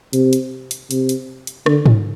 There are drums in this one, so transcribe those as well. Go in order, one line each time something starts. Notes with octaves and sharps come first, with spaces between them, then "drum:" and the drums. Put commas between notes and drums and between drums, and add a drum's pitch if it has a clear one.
C3, drum: hi-hat
drum: hi-hat
drum: hi-hat
C3, drum: hi-hat
drum: hi-hat
drum: hi-hat
D3, drum: rim click
drum: tom G#2